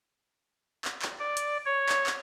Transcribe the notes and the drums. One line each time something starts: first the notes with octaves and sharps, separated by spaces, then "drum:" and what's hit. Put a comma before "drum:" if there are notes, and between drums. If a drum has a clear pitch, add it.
drum: clap
drum: clap
D5
drum: hi-hat
C#5
drum: clap
drum: clap